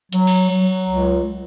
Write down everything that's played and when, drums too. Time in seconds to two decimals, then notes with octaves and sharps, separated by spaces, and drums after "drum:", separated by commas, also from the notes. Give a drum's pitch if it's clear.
0.13 F#3, drum: hi-hat
0.27 drum: cymbal
0.50 F#3
0.88 C#2